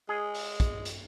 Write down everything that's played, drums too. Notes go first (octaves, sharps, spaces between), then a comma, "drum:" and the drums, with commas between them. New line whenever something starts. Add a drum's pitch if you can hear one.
G#3 G#4
drum: open hi-hat
drum: kick, hi-hat
drum: hi-hat